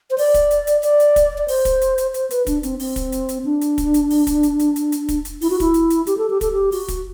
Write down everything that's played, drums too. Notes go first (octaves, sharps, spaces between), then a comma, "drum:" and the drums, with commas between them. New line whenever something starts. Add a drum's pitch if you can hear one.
C5
D5, drum: open hi-hat
drum: kick, hi-hat
drum: hi-hat
drum: hi-hat
D5, drum: hi-hat
drum: hi-hat
drum: kick, hi-hat
D5
C5, drum: open hi-hat
drum: kick, hi-hat
drum: hi-hat
drum: hi-hat
C5, drum: hi-hat
B4, drum: hi-hat
D4, drum: kick, hi-hat
C4, drum: hi-hat
C4, drum: open hi-hat
drum: kick, hi-hat
drum: hi-hat
drum: hi-hat
D4
drum: hi-hat
drum: kick, hi-hat
drum: hi-hat
drum: open hi-hat
drum: kick, hi-hat
drum: hi-hat
drum: hi-hat
drum: hi-hat
drum: hi-hat
drum: kick, hi-hat
drum: hi-hat
E4, drum: open hi-hat
F#4
E4, drum: kick, hi-hat
drum: hi-hat
drum: hi-hat
G4, drum: hi-hat
A4
G4
A4, drum: kick, hi-hat
G4
F#4, drum: open hi-hat
drum: kick, hi-hat